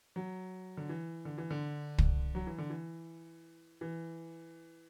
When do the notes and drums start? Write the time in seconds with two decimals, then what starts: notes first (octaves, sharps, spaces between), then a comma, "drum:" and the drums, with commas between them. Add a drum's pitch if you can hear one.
0.16 F#3
0.77 D3
0.89 E3
1.25 D3
1.38 E3
1.50 D3
1.98 drum: kick
2.35 F#3
2.47 E3
2.58 D3
2.70 E3
3.81 E3